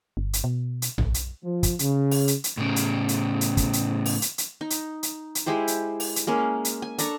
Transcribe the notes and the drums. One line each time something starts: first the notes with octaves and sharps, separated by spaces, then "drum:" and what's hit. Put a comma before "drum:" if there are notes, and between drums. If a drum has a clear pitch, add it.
G1
drum: hi-hat
B2
drum: hi-hat
A1, drum: tom B1
drum: hi-hat
F3
drum: kick, hi-hat
C#3, drum: hi-hat
drum: open hi-hat
drum: hi-hat
drum: hi-hat
A2 C#3
drum: hi-hat
drum: hi-hat
drum: hi-hat
drum: kick, hi-hat
drum: hi-hat
drum: open hi-hat
drum: hi-hat
drum: hi-hat
D#4
drum: hi-hat
drum: hi-hat
drum: hi-hat
G#3 E4 G4 C5
drum: hi-hat
drum: open hi-hat
drum: hi-hat
G#3 A#3 C#4
drum: hi-hat
G#5
D4 A4 A#5 C#6, drum: hi-hat